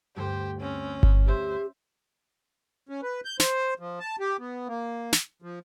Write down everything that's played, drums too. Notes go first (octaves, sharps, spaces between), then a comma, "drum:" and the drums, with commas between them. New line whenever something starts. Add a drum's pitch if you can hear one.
D2 G2 G4 C5
C4 C#4
drum: kick G1
G4 C5 E5
C#4
B4
G6
C5, drum: snare
F3
A5
G4
B3
A#3
drum: snare
F3